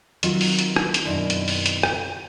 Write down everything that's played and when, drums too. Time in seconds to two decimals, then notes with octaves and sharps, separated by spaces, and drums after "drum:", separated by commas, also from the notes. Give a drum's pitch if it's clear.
0.23 D#3 F#3 C4 F4, drum: hi-hat
0.41 drum: open hi-hat
0.59 drum: hi-hat
0.76 drum: rim click
0.94 drum: hi-hat
1.06 F#2 B2 D#3 C4 D4 E4
1.30 drum: hi-hat
1.48 drum: open hi-hat
1.66 drum: hi-hat
1.83 drum: rim click